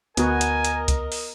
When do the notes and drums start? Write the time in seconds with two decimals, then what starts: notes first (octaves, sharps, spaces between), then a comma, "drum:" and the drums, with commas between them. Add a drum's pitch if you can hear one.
0.17 D2 B3 F#4 A#4 D#5 G#5, drum: hi-hat
0.41 drum: hi-hat
0.65 drum: hi-hat
0.88 drum: kick C2, hi-hat
1.12 drum: open hi-hat